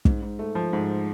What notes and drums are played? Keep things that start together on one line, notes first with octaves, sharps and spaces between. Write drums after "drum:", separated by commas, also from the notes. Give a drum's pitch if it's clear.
G#2, drum: kick
G#2
A3
F3
G#2